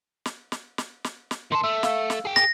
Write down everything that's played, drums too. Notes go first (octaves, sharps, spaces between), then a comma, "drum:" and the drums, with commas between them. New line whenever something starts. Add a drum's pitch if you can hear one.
drum: snare
drum: snare
drum: snare
drum: snare
drum: snare
D#3 A5 C6
A3 E6
F5 E6, drum: snare
drum: snare
G#4 G5
A#6, drum: snare